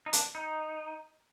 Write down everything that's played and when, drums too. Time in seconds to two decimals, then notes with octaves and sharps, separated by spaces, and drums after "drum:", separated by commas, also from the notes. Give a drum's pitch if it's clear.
0.06 D#4
0.13 D4, drum: hi-hat
0.35 D#4